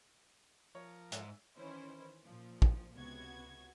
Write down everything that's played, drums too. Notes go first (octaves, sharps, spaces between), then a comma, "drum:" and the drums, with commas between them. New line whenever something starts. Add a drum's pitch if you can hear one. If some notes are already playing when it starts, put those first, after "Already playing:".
F3 A#4 C#5
G#2 E5, drum: hi-hat
D#3 E3 C#4 E4 C5
A#2 F3
drum: kick
C#2 C3 B3 F#4 G#6